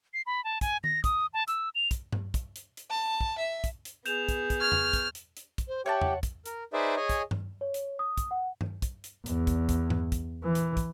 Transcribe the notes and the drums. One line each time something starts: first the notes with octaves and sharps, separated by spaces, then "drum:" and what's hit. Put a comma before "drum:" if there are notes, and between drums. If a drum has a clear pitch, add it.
C7
B5
A5
G#5, drum: kick, hi-hat
A#6, drum: tom D#3
D#6, drum: kick, hi-hat
A5
E6, drum: hi-hat
F7
drum: kick, hi-hat
drum: tom G2
drum: kick, hi-hat
drum: hi-hat
drum: hi-hat
A5
drum: kick
E5
drum: kick, hi-hat
drum: hi-hat
B3 G#4 G6 E7 F7, drum: hi-hat
drum: kick, hi-hat
drum: kick, hi-hat
C#6 F6 G#6
drum: tom E2
drum: kick, hi-hat
drum: hi-hat
drum: hi-hat
drum: kick, hi-hat
C5
G4 C#5 E5 F#5 G5 A5
drum: tom E2
drum: kick, hi-hat
A#4, drum: hi-hat
D#4 G#4 B4 C5 D5 E5
G#4 C#5 D#5 G#5
drum: kick, hi-hat
drum: tom G2
C#5
drum: hi-hat
D#6
drum: kick, hi-hat
F#5
drum: tom G2
drum: kick, hi-hat
drum: hi-hat
E2, drum: hi-hat
drum: kick, hi-hat
drum: kick, hi-hat
drum: tom G2
drum: kick, hi-hat
E3
drum: hi-hat
drum: kick, hi-hat